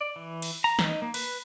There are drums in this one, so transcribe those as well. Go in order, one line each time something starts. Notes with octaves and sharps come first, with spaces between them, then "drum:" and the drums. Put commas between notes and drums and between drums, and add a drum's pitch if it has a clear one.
D5
E3
drum: cymbal
A#5
D#4, drum: snare
A#3
B4, drum: cymbal